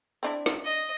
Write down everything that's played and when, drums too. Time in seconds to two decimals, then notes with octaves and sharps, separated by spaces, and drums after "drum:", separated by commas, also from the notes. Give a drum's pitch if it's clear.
0.23 C4 D4 E4
0.46 drum: snare
0.65 D#5